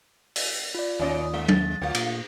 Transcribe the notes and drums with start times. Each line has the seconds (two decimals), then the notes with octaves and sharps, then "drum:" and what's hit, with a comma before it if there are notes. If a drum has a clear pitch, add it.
0.36 drum: open hi-hat
0.75 F4 D5
1.00 D#2 A#2 C#4 D#5
1.33 G#3
1.48 A6, drum: tom F#3
1.82 D2 A3 F4
1.95 A#2, drum: cymbal